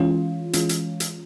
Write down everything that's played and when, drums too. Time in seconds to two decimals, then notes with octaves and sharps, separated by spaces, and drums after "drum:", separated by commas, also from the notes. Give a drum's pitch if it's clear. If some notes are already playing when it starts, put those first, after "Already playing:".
Already playing: E3 G#3 C#4 F4
0.53 E3 G#3 C#4 F4, drum: hi-hat
0.69 drum: hi-hat
1.00 drum: hi-hat